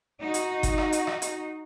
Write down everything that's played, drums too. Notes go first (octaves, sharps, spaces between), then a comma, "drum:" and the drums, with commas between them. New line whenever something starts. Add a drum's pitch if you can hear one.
D#4 F#4
drum: hi-hat
drum: kick G1, hi-hat
drum: rim click
drum: hi-hat
drum: rim click
drum: hi-hat